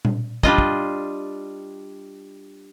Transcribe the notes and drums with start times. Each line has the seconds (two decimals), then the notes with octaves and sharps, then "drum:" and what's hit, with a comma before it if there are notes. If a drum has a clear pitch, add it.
0.05 drum: tom A#2
0.43 G3 D4 F4 D#5, drum: kick
0.58 drum: kick